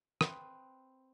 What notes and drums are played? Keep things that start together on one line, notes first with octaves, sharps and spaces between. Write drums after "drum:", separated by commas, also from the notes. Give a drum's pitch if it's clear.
C4 B4, drum: rim click